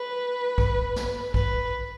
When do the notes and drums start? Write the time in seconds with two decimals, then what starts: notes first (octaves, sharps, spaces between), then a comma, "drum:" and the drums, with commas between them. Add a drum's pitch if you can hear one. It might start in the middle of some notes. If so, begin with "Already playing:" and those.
Already playing: B4
0.58 drum: kick
0.96 drum: snare
1.34 B4, drum: kick